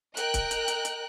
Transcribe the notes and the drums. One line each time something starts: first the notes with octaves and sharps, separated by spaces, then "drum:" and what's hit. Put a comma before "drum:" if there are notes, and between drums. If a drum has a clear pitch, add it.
A#4 D#5 G5 F#6, drum: hi-hat
drum: kick C#1, hi-hat
drum: hi-hat
drum: hi-hat
drum: hi-hat